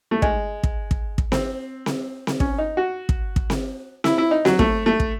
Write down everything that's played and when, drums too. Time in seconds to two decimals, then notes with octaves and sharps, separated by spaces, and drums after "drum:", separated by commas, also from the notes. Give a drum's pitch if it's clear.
0.11 A3
0.22 G#3, drum: kick
0.63 drum: kick
0.91 drum: kick
1.18 drum: kick
1.32 C4, drum: snare C4
1.86 drum: snare C4
2.27 drum: snare C4
2.40 C#4, drum: kick
2.58 D#4
2.77 F#4
3.09 drum: kick
3.36 drum: kick
3.50 drum: snare C4
4.04 E4, drum: snare C4
4.18 E4
4.31 D#4
4.45 F#3, drum: snare C4
4.59 A3, drum: kick
4.86 A3
5.00 drum: kick